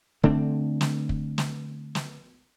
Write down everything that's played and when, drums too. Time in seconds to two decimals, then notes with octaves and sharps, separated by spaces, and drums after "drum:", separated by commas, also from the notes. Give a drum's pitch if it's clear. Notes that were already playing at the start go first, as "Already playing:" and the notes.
0.23 D3 A3 C4 D4, drum: kick
0.81 drum: snare
1.09 drum: kick
1.38 drum: snare
1.95 drum: snare